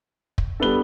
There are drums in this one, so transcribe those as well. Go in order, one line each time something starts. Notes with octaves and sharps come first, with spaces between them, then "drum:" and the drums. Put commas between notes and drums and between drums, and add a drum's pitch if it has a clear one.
drum: kick
G3 B3 D4 A4 B4 G7